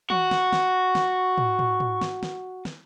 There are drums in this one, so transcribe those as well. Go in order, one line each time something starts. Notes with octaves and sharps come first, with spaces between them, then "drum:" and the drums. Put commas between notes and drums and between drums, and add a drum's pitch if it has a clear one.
F#4 C#6, drum: tom
drum: snare
drum: snare
drum: snare
drum: tom
drum: tom
drum: tom
drum: snare
drum: snare
drum: snare